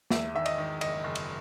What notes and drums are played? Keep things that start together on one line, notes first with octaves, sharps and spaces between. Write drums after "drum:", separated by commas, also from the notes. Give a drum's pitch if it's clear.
E2 E5, drum: snare
D#3 E5
D#5, drum: cymbal
D#3
F#1 D#5, drum: cymbal
F#1
drum: cymbal